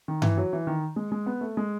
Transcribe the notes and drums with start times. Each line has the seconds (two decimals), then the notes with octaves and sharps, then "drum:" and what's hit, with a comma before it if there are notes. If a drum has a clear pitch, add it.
0.08 D#3
0.22 E3, drum: tom G2
0.37 F#3
0.53 E3
0.67 D#3
0.96 G#3
1.12 G#3
1.26 B3
1.41 A3
1.57 G#3